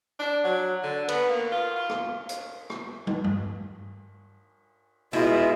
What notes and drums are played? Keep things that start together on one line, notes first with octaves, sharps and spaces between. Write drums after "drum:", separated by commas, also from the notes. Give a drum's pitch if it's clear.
D4
F#3
D3
B3, drum: cymbal
A#3
F4
F4
drum: rim click
drum: hi-hat
drum: rim click
drum: tom
drum: tom G2
B2 G#3 E4 F4